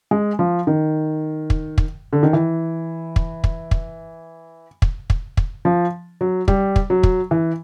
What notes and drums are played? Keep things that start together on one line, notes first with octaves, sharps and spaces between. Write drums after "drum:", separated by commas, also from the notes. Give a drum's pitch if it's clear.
G#3
F3
D#3
drum: kick
drum: kick
D3
D#3
E3
drum: kick
drum: kick
drum: kick
drum: kick
drum: kick
drum: kick
F3
F#3
G3, drum: kick
drum: kick
F#3
drum: kick
E3